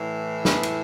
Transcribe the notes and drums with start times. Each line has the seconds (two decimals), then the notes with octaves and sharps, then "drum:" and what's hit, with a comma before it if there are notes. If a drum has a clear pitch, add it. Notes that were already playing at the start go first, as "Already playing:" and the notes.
Already playing: A2 E3
0.45 B3, drum: snare
0.63 drum: cymbal